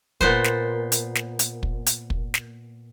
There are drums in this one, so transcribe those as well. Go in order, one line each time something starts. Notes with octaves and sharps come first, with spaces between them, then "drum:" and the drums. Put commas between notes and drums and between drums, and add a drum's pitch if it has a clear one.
A#2 B3 C5, drum: kick
drum: snare
drum: hi-hat
drum: snare
drum: hi-hat
drum: kick
drum: hi-hat
drum: kick
drum: snare